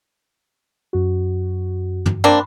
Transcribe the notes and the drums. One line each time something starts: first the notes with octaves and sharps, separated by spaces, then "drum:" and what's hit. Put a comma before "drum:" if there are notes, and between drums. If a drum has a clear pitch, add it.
F#2 F#4
drum: tom
A#3 C4 D4 B5 C6